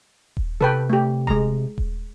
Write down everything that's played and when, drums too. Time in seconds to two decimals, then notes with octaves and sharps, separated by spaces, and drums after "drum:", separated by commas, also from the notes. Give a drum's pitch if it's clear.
0.37 drum: kick D#1
0.61 C3 A4 B4 G5
0.90 A3 G4
1.27 G#3 A#5, drum: kick D#1
1.78 drum: kick D#1